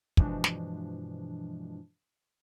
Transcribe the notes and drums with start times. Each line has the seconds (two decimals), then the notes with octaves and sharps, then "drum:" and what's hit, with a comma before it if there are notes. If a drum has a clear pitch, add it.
0.17 G2 B2 E3 F3 G#3 D4, drum: kick
0.44 drum: snare